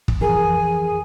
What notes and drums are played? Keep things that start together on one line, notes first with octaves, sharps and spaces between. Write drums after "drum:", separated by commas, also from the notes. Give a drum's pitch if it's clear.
drum: kick
F2 E3 G#4 A#4 G#5